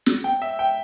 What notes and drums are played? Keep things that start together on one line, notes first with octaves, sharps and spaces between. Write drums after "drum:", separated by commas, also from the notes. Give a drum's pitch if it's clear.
drum: snare
G5
E5
G5